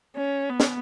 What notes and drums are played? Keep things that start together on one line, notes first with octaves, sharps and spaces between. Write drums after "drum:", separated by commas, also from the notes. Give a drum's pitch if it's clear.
C#4
B3
drum: snare